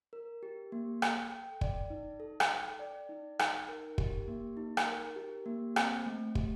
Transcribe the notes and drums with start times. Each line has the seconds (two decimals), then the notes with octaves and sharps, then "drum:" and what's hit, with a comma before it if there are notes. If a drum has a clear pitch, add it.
0.13 A#4
0.43 G4
0.72 A#3
1.02 A4, drum: rim click
1.31 G5
1.61 D5, drum: kick
1.90 D#4
2.20 A4
2.40 drum: rim click
2.51 G5
2.80 D5
3.09 D#4
3.39 D#4, drum: rim click
3.69 A#4
3.98 G4, drum: kick
4.28 A#3
4.57 D#4
4.77 drum: rim click
4.87 A#4
5.16 G4
5.46 A#3
5.76 C4, drum: rim click
6.06 A3
6.35 G4, drum: kick